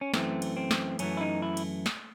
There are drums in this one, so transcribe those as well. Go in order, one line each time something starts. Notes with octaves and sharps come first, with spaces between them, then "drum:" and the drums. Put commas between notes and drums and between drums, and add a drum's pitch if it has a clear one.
C#4
F#2 E3 A3 C4, drum: snare
drum: cymbal
C4
drum: snare
F#2 E3 A3 C#4, drum: cymbal
E4
D#4
E4
drum: cymbal
drum: snare